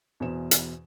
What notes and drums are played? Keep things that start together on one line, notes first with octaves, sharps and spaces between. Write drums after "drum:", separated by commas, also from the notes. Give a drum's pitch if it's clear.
E2 B2 E3 C5 E7
drum: hi-hat